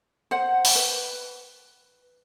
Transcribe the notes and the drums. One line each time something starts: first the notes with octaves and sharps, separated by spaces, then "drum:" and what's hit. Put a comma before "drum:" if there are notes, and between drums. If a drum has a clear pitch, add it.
C5 F#5
drum: open hi-hat
B4